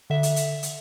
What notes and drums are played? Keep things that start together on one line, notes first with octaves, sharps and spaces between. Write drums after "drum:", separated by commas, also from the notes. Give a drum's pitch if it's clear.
D3 E5
drum: hi-hat
drum: hi-hat
drum: hi-hat